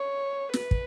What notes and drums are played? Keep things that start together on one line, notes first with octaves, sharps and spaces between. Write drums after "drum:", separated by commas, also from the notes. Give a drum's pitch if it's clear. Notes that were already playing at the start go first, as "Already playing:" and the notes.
Already playing: C#5
B4, drum: snare
drum: kick